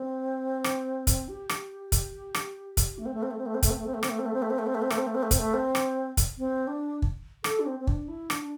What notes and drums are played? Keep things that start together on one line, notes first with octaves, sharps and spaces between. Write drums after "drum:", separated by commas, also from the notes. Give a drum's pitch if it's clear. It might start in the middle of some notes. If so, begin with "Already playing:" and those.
Already playing: C4
drum: rim click
drum: kick, hi-hat
G4
drum: rim click
drum: kick, hi-hat
drum: rim click
drum: kick, hi-hat
A3
C4
A3
C4
A3
C4
A3
C4
A3, drum: kick, hi-hat
C4
A3
C4
A3
C4, drum: rim click
A3
C4
A3
C4
A3
C4
A3
C4
A3
C4
A3, drum: rim click
C4
A3
C4
A3
C4, drum: kick, hi-hat
A3
C4
drum: rim click
drum: kick, hi-hat
C4
D4
drum: kick
A4, drum: rim click
D4
C4
C4
D4, drum: kick
E4
D4, drum: rim click
D4